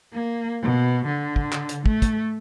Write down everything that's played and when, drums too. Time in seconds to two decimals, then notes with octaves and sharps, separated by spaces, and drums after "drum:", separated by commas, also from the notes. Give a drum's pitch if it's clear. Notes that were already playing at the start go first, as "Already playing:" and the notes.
0.13 A#3
0.62 B2
1.06 D3
1.36 drum: kick
1.53 drum: clap
1.69 drum: hi-hat
1.86 A3, drum: kick
2.02 drum: kick, hi-hat